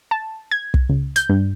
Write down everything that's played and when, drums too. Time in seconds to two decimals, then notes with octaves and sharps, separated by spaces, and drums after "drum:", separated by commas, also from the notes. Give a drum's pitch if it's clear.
0.11 A5
0.51 G#6
0.74 drum: kick
0.89 C#2
1.16 G6, drum: hi-hat
1.29 G2